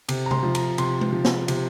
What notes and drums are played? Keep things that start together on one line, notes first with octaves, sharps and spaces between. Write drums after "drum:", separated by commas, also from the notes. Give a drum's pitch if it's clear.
C3, drum: cymbal
A#5
C6, drum: tom C3
F3
A#5, drum: cymbal
C3 C6, drum: cymbal
drum: tom G#3
F3
drum: snare
C3, drum: cymbal